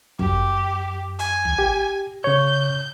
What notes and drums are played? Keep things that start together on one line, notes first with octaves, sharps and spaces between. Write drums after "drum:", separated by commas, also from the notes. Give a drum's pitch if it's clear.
F#2 G4, drum: kick
G#5, drum: hi-hat
drum: tom
G4
C#3 C#5 G6